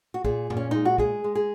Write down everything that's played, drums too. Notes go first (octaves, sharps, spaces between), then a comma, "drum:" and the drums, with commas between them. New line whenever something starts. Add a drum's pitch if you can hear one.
F#4
A#2 G#4, drum: kick
A#2, drum: tom F#2
C#4
G#3 D#4
F#4
G#3 G#4, drum: kick
G#3
G#4